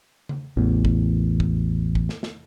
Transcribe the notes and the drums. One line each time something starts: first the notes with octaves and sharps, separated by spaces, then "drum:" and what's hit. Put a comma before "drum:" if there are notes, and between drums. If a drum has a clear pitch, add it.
drum: tom C#3
A1 E2
drum: kick
drum: kick
drum: kick
drum: snare
drum: snare